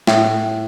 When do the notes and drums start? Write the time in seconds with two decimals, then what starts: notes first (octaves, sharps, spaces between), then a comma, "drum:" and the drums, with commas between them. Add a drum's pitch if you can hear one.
0.07 A2, drum: snare